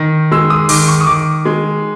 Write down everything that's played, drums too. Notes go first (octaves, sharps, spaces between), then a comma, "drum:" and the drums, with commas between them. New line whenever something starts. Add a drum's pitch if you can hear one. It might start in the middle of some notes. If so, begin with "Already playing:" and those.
Already playing: D#3
G#3 E6
D#6
D#3 D6, drum: open hi-hat
C#6
D#6
D#3 D6
G#3